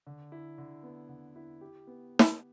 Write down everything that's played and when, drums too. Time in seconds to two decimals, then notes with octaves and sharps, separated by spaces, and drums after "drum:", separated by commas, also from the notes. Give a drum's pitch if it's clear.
0.07 D3
0.32 E4
0.58 D3
0.83 B3
1.09 D3
1.36 E4
1.61 G4
1.87 B3
2.19 drum: snare